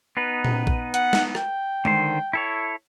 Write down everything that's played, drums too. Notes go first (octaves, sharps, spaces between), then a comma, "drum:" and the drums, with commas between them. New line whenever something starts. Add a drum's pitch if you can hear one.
B3 D#4 B4
drum: tom A#2
drum: kick
F#5, drum: hi-hat
drum: snare
G5, drum: rim click
D3 D#3 C5, drum: tom G#3
E4 A4 C#5